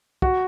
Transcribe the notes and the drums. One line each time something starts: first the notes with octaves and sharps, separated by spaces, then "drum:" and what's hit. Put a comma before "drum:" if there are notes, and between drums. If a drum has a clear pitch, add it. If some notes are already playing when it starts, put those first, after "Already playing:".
F#4, drum: kick